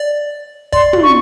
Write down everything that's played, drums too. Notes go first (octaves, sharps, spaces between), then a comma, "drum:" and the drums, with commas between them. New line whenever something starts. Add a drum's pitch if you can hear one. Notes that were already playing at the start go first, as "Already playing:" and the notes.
Already playing: D5
D5 C6, drum: kick
drum: tom
C#6